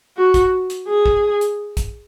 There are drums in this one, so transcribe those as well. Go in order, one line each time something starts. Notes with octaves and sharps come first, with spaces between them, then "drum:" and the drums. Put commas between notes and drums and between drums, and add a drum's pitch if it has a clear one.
F#4
drum: kick, hi-hat
drum: hi-hat
G#4
drum: kick
drum: hi-hat
drum: kick, hi-hat